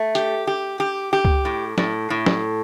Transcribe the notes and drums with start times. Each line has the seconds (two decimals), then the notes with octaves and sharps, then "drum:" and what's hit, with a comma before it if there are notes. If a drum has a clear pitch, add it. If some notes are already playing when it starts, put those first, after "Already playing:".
Already playing: A3
0.15 G4, drum: hi-hat
0.47 G4
0.80 G4
1.13 G4
1.25 drum: kick C#2
1.45 A2
1.78 A2, drum: snare
2.10 A2
2.26 drum: snare